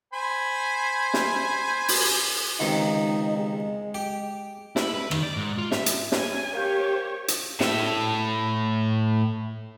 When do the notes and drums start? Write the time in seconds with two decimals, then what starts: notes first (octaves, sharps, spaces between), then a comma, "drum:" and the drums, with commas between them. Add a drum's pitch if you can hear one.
0.13 C5 G#5 B5
1.14 drum: snare
1.88 drum: open hi-hat
2.60 C#2 C3 D#3 D#4
3.38 G#3
3.95 G4
4.76 E4, drum: snare
4.94 B4
5.11 D#3, drum: rim click
5.23 D5
5.36 G#2
5.58 F4
5.71 E5, drum: snare
5.86 drum: hi-hat
6.12 C#5 G#5, drum: snare
6.53 G4 A#4 C#5 F5 G6
7.28 drum: hi-hat
7.60 A2 E5, drum: snare